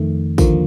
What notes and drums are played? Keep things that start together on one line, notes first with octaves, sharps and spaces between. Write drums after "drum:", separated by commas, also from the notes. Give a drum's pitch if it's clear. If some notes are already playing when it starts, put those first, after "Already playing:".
Already playing: F2 D#3 A3
D#2 D3 F3 A#3, drum: kick A1, tambourine